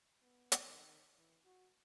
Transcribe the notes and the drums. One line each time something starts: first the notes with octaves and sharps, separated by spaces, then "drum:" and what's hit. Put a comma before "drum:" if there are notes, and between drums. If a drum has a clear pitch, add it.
B3
drum: hi-hat
D#3
E3
F#4